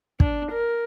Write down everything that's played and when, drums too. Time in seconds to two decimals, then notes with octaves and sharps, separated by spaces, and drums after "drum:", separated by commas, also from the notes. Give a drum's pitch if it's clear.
0.20 D4, drum: kick
0.51 A#4